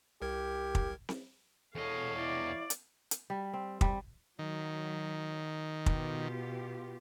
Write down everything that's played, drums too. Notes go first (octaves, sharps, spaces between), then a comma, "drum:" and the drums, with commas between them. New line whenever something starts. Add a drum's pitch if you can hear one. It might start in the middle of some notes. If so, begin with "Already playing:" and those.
C2 G4 A#4 G#6
drum: kick
drum: snare C4
E2 A4 C#5 D#5 F5
E4 D5
drum: hi-hat
drum: hi-hat
G3
C4
G3, drum: kick
D#3 F#3
B2 F4 G4, drum: kick